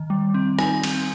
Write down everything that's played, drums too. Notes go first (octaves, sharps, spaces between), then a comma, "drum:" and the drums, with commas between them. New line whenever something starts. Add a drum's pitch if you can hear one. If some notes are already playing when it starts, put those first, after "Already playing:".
Already playing: D#3
G3
C4
D#4 G#5, drum: rim click
C4, drum: cymbal